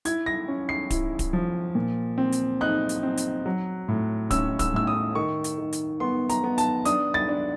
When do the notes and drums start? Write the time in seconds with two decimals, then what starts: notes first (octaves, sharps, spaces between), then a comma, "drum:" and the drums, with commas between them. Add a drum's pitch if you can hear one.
0.05 E4 G#6, drum: hi-hat
0.26 A#6
0.48 C#4
0.69 C7
0.90 E4, drum: kick D1, hi-hat
1.19 drum: kick D1, hi-hat
1.33 F3
1.75 A#2
2.18 C4
2.32 drum: hi-hat
2.61 D#4 F#6
2.89 drum: hi-hat
3.03 C4
3.17 drum: hi-hat
3.46 F#3
3.88 A2
4.31 C#4 E6, drum: kick D1, hi-hat
4.59 E6, drum: kick D1, hi-hat
4.74 A2 E6
4.87 D#6
5.15 D#3 C#6
5.44 drum: hi-hat
5.58 D#3
5.73 drum: hi-hat
6.00 B3 C6
6.29 A#5, drum: hi-hat
6.44 B3
6.58 A5, drum: hi-hat
6.85 D4 D#6, drum: hi-hat
7.14 A6
7.29 D4